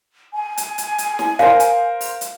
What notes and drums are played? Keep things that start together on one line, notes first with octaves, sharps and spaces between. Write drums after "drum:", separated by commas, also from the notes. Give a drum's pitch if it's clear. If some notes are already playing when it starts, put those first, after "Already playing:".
G#5
drum: hi-hat
drum: hi-hat
drum: hi-hat
drum: snare
A#4 C5 F5, drum: snare
drum: hi-hat
drum: open hi-hat
drum: hi-hat